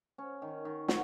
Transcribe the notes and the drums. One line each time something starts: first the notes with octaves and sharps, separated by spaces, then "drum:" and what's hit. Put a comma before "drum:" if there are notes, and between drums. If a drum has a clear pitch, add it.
C#4
D#3
D#3
F#3, drum: snare